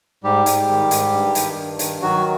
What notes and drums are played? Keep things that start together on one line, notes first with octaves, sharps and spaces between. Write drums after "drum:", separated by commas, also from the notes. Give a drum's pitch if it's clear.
G#2 G3 G4
G#2, drum: hi-hat
D#3
G#2, drum: hi-hat
G2
D#3, drum: hi-hat
G2
D#3, drum: hi-hat
D#3 F#3 F#4